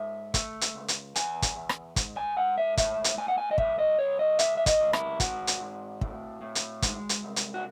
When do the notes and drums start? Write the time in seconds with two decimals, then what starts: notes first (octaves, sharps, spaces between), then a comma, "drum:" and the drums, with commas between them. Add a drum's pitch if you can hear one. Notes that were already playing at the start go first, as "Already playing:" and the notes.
Already playing: G#2 E5
0.34 A3, drum: kick, hi-hat
0.61 drum: hi-hat
0.74 C#2
0.88 drum: hi-hat
1.16 E2 G#5, drum: hi-hat
1.42 drum: kick, hi-hat
1.55 E2
1.69 drum: rim click
1.96 G#2, drum: kick, hi-hat
2.17 G#5
2.36 G#2 F#5
2.58 E5
2.77 A2 E5, drum: kick, hi-hat
3.04 drum: hi-hat
3.18 A2 G#5
3.28 F#5
3.38 G#5
3.51 D#5
3.58 C2 E5, drum: kick
3.79 D#5
3.99 C2 C#5
4.19 D#5
4.39 C#2 E5, drum: hi-hat
4.57 E5
4.66 D#5, drum: kick, hi-hat
4.80 C#2
4.93 E4, drum: rim click
5.20 G#2 F#4, drum: kick, hi-hat
5.47 drum: hi-hat
5.60 G#2
6.01 A2, drum: kick
6.41 A2
6.55 drum: hi-hat
6.82 G#3, drum: kick, hi-hat
7.09 drum: hi-hat
7.23 C2
7.36 drum: hi-hat
7.54 F#4